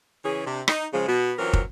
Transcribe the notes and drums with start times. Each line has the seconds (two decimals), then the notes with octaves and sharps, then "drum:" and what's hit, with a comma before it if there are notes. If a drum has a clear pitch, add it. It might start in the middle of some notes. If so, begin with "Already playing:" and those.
0.24 C#3 E3 C#4 G#4
0.45 C3 D4
0.68 D#4, drum: rim click
0.93 C#3 F3 G#3
1.07 B2 B3 F#4
1.38 E3 F#3 C4 C#4 F4 A#4
1.53 drum: kick